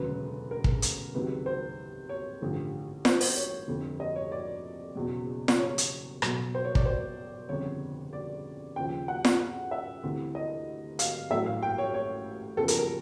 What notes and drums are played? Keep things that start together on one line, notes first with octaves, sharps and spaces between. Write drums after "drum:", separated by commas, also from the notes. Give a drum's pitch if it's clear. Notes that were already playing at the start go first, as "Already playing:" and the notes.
Already playing: E1 D2 C#3 F#3 B4
A#4
drum: kick
drum: hi-hat
C#2 C3 D#3 F#3 B4
C5
C#5
A1 G2 D3 F3
C5, drum: snare
C5, drum: open hi-hat
C#5
F1 F2 D3
D#5
C#5
D5
F#1 E2 B2 F#3
drum: snare
C#5
drum: hi-hat
B1 B2 F#3, drum: rim click
C5
C#5
D5, drum: kick
C5
G1 F2 C#3 C#5
D5
D#2 C#3 F3 G5
F#5
drum: snare
E5
D2 C3 E3
D#5
F5, drum: hi-hat
A1 A2 F#3 E5
F5
G5
C#5
C#5
E2 C#3 F3 A4
A#4, drum: hi-hat
A#4